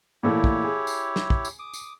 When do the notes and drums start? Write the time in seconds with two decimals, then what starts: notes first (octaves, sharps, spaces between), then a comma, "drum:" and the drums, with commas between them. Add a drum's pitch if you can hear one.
0.23 A#2 E3 A3 E4 G4 C#5
0.44 drum: kick
0.64 G#4
0.87 drum: tambourine
1.16 drum: snare
1.30 drum: kick
1.45 drum: tambourine
1.59 D6 D#6
1.74 drum: tambourine